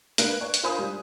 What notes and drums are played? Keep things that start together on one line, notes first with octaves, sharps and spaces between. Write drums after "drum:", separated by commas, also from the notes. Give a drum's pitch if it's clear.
A#3 B4 F#6 D7, drum: hi-hat
C#5
drum: hi-hat
F4 A#4 C5 G#5 B5 D#6
G3